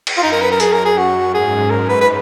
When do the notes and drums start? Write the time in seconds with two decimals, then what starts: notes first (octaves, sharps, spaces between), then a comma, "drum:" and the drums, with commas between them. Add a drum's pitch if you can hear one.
0.07 drum: cymbal
0.17 F4
0.23 F#2 D#4
0.32 A#4
0.41 B4
0.51 A#4
0.60 F#2 G#4, drum: hi-hat
0.73 A#4
0.85 G#4
0.98 F#4
1.34 G#2 G#4
1.70 A#4
1.89 B4
2.01 B4